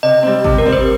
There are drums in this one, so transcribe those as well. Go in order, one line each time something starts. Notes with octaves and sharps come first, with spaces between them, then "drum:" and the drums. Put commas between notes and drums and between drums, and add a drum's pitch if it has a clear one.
C3 D#5
G3 C4
C3, drum: kick G#1
A#4
G3 C4
C5